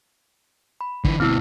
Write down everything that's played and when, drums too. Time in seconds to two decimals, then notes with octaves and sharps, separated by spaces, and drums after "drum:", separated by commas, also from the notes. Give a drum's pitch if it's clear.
0.81 B5
1.05 D3 E3, drum: kick
1.20 D2 B2 C4 E4 E6